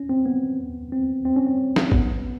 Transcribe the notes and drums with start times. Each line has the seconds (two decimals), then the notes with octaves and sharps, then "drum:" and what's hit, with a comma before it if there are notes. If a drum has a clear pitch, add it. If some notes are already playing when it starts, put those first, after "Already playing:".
Already playing: C#4
0.09 C4
0.26 B3
0.92 C4
1.25 C4
1.36 C#4
1.47 C4
1.76 drum: snare
1.92 B3, drum: kick G#1